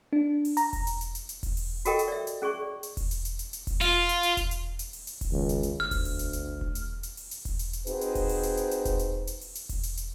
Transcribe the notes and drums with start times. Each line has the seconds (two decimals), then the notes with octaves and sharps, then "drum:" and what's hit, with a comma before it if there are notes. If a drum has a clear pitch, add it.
0.13 D4
0.45 drum: open hi-hat
0.57 A#5, drum: hi-hat
0.73 drum: kick E1, open hi-hat
0.87 drum: hi-hat
1.01 drum: hi-hat
1.15 drum: hi-hat
1.29 drum: hi-hat
1.43 drum: kick E1, open hi-hat
1.57 drum: open hi-hat
1.85 F#4 G4 A4 A#4 D#5 G5, drum: hi-hat
1.99 drum: hi-hat
2.08 D5 E5
2.27 drum: hi-hat
2.42 C#4 G#4 D5 C#6
2.62 D5
2.83 drum: hi-hat
2.97 drum: kick E1, open hi-hat
3.11 drum: hi-hat
3.25 drum: hi-hat
3.39 drum: hi-hat
3.53 drum: hi-hat
3.67 drum: kick E1, open hi-hat
3.81 F4, drum: open hi-hat
4.09 drum: hi-hat
4.23 drum: hi-hat
4.37 drum: kick E1, hi-hat
4.51 drum: hi-hat
4.79 drum: hi-hat
4.93 drum: open hi-hat
5.07 drum: hi-hat
5.21 drum: kick E1, open hi-hat
5.32 C#2 D#3
5.49 drum: hi-hat
5.63 drum: hi-hat
5.80 G1 D2 F6
5.91 drum: kick E1, open hi-hat
6.05 drum: open hi-hat
6.19 drum: hi-hat
6.33 drum: hi-hat
6.61 drum: kick E1
6.75 drum: hi-hat
7.03 drum: hi-hat
7.17 drum: open hi-hat
7.31 drum: hi-hat
7.45 drum: kick E1, open hi-hat
7.59 drum: hi-hat
7.73 drum: hi-hat
7.87 C4 D#4 F#4 G#4 B4 C5, drum: hi-hat
8.01 drum: hi-hat
8.15 drum: kick E1, open hi-hat
8.29 drum: open hi-hat
8.43 drum: hi-hat
8.57 drum: hi-hat
8.71 drum: hi-hat
8.85 drum: kick E1, hi-hat
8.99 drum: hi-hat
9.27 drum: hi-hat
9.41 drum: open hi-hat
9.55 drum: hi-hat
9.69 drum: kick E1, open hi-hat
9.83 drum: hi-hat
9.97 drum: hi-hat